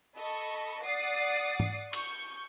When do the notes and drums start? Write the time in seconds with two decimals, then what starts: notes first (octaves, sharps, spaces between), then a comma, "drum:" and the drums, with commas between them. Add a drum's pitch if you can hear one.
0.16 A4 D#5 B5 C#6
0.84 D5 F#5 D#6 A6 C7
1.60 drum: tom G#2
1.93 C#6 G6, drum: cymbal